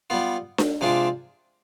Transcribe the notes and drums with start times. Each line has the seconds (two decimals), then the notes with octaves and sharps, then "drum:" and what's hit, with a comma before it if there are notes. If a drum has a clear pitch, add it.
0.10 G3 B3 F4
0.58 drum: snare D4
0.81 C3 F3 G#3 D4 F4